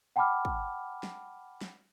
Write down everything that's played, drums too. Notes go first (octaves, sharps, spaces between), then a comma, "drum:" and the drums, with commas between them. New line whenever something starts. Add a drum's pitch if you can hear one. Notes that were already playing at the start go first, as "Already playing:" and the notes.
F#5 G5 A5 B5 D6 F6
drum: kick
drum: snare
drum: snare